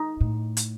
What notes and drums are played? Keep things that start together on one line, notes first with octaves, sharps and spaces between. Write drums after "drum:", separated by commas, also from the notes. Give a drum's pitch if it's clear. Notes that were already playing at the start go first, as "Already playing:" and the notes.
Already playing: D#4
A2
drum: hi-hat